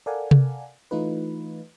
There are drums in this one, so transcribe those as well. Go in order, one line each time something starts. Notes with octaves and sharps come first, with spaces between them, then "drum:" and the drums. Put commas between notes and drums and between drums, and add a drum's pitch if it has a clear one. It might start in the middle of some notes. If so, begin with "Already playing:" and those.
A4 A#4 D5 F5 F#5 G#5
drum: tom C3
E3 A3 D#4 F4 B4